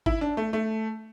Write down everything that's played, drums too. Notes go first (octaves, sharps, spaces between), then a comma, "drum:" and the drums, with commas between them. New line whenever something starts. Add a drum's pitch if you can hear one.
E4, drum: kick
D4
A3
A3